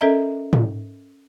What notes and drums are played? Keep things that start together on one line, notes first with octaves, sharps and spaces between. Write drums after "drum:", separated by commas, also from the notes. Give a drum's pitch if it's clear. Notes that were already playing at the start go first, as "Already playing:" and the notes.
C#4 A4 A#4 D#5 E5 A#5
drum: tom